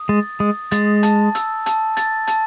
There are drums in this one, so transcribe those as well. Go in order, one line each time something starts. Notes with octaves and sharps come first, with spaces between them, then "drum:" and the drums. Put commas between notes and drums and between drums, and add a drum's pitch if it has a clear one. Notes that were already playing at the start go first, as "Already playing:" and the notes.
Already playing: D#6
G#3 A6
G#3 D#6
G#3 A6, drum: hi-hat
A5, drum: hi-hat
E6, drum: hi-hat
A5, drum: hi-hat
A6, drum: hi-hat
A5, drum: hi-hat